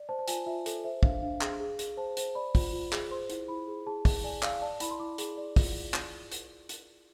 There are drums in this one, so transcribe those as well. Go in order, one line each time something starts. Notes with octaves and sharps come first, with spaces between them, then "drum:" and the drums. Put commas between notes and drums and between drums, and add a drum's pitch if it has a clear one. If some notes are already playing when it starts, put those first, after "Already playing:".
Already playing: D5
C5 A5
A5
F4 G#5, drum: hi-hat
F4 E5
A4, drum: hi-hat
C5 E5
D4 F5, drum: kick
D4 F5
G#4, drum: clap
G#4
G#4, drum: hi-hat
C5 A5
C5, drum: hi-hat
D5 B5
F4, drum: kick, open hi-hat
F4
G#4, drum: clap
C5 C6
E4, drum: hi-hat
E4 B5
G#4
G#4 A5
G#4, drum: kick, open hi-hat
D5 G#5
D5 F5, drum: clap
D5 A5
E4 B5, drum: hi-hat
C6
E4 D6
G#4, drum: hi-hat
D5
F4, drum: kick, open hi-hat
drum: clap
drum: hi-hat
drum: hi-hat